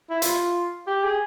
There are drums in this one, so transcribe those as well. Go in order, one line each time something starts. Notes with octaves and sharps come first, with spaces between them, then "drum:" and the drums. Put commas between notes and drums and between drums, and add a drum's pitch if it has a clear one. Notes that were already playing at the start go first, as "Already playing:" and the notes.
E4
F4, drum: hi-hat
G4
G#4